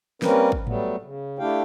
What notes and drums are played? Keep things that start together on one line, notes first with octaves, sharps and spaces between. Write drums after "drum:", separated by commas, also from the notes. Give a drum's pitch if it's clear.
G3 A#3 C4 C#4 A#4 B4, drum: snare
drum: kick G#1
F#3 G3 A3 B3, drum: tom G#2
C#3
A3 D4 E4 G4 F5 G5